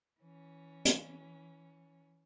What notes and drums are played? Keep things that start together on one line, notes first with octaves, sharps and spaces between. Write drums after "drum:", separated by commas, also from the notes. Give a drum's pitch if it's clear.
E3 C#4
drum: hi-hat